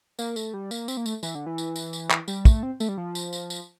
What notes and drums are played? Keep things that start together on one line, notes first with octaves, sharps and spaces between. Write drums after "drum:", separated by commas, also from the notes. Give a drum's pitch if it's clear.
A#3, drum: tambourine
A3, drum: tambourine
G3
A#3, drum: tambourine
C4, drum: tambourine
A#3
A3, drum: tambourine
E3, drum: tambourine
D3
E3
drum: tambourine
drum: tambourine
drum: tambourine
drum: clap
G3, drum: tambourine
A3, drum: kick, tambourine
C4
A3, drum: tambourine
G3
F3
drum: tambourine
drum: tambourine
drum: tambourine